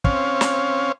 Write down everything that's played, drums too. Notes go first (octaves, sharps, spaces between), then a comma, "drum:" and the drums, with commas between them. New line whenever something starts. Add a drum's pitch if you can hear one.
C4 C#4 C#5 F5, drum: kick
drum: snare